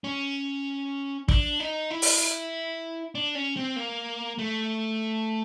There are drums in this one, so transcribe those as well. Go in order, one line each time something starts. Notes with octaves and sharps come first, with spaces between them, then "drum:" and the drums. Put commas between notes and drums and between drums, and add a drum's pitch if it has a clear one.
C#4
D4, drum: kick
D#4
E4
drum: open hi-hat
D4
C#4
C4
A#3
A3